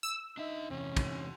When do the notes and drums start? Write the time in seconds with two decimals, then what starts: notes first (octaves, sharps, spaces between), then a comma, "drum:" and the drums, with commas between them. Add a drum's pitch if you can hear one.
0.03 E6
0.38 D4 D#4 E5
0.70 E2 C3 E3 C#4
0.97 drum: kick, cymbal